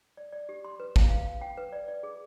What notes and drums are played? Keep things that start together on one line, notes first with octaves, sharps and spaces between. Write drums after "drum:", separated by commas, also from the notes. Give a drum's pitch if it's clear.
D5
D5
G4
C6
B4
F5, drum: kick
F5
F5
G5
B4
D5
D5
G#4